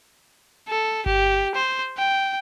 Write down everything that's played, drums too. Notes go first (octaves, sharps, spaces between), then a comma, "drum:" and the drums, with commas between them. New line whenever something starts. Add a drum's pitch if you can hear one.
A4
G4, drum: kick G1
C5
G5